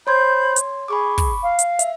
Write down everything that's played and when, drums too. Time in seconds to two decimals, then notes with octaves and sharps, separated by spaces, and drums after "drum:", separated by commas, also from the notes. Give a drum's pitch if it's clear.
0.07 C5 C#5 B5 C6 G6 G#6
0.56 drum: hi-hat
0.88 G#4 B5 C#6 D6
1.18 drum: kick, open hi-hat
1.42 F5
1.59 drum: hi-hat
1.79 E5, drum: hi-hat